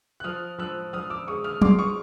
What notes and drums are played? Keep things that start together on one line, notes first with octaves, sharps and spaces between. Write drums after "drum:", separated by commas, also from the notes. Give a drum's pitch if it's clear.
F#6
F3 D#6 F6
F3 E6 F#6
F3 D#6 F6
D6 E6
G#3 C#6 D#6
D#6 F6
G#3 C6 D6, drum: tom F#3
C#6 D#6